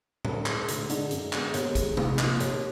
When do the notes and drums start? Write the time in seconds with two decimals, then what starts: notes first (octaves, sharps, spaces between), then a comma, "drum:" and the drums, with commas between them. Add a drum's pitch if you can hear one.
0.25 D3, drum: tom A2
0.46 G#3 D#4, drum: clap
0.68 D2, drum: hi-hat
0.89 D3 G#3 D#4, drum: hi-hat
1.11 F#2, drum: hi-hat
1.33 D3 G#3 B3, drum: clap
1.54 D#2, drum: hi-hat
1.75 D#3 G#3, drum: kick, hi-hat
1.97 F2, drum: tom
2.19 F3 A#3 D#4, drum: clap
2.40 D#2, drum: hi-hat